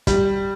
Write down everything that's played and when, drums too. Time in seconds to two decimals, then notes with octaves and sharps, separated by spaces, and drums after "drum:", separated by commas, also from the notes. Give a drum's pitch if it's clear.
0.07 G3, drum: kick, hi-hat